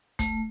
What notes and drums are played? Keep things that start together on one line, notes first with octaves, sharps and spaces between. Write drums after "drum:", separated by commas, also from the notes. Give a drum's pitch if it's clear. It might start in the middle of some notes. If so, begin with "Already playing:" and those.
A3, drum: kick, hi-hat